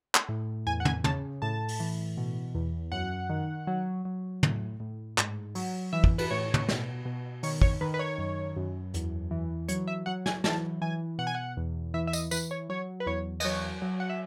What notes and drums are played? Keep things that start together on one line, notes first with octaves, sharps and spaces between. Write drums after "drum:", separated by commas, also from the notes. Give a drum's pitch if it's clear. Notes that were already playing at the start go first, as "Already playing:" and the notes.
drum: clap
A2
E2 G#5
F#5
G#5, drum: tom
C#3 A5, drum: tom
A2 A5
drum: open hi-hat
E3
B2
E2
F#2 F#5
D#3
F#3
F#3
A2, drum: tom
A2
G#2, drum: clap
F#3, drum: open hi-hat
E3 E5
drum: kick
B4, drum: cymbal
A2 C#5
drum: tom
B2, drum: snare
B2
D#3 C#5, drum: open hi-hat
C#5, drum: kick
D#3 B4
B4
C#5
F#2
F#2
E2, drum: hi-hat
E3
F#3 C#5, drum: hi-hat
E5
F#3 F#5
G#5, drum: snare
E3 A5, drum: snare
E3 G#5
B2 F#5
G#5
F#5
E2
E3 E5
E5
D#5, drum: tambourine
E3 B4, drum: tambourine
C#5
F#3 C#5
B4
E2 C#5
D#5, drum: cymbal
F#3 C#5
F#3
F#5
E5